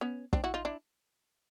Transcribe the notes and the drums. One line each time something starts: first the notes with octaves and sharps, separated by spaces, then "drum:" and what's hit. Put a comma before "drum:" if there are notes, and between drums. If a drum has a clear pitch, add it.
B3 C#4
C4 D4, drum: kick
E4 F#4
D#4 F4
D4 E4